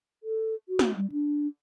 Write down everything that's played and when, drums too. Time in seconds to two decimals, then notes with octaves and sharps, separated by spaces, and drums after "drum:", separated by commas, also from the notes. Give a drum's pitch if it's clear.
0.23 A4
0.69 F#4
0.79 drum: snare
0.95 G3
1.12 D4